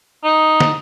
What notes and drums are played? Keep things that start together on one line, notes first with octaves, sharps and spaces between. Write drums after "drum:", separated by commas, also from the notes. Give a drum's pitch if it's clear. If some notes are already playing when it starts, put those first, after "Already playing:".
D#4
drum: snare